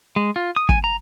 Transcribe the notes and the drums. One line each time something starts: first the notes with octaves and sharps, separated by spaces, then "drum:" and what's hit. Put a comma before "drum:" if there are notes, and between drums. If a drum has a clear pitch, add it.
G#3
F4
D#6
G#5, drum: kick
A#5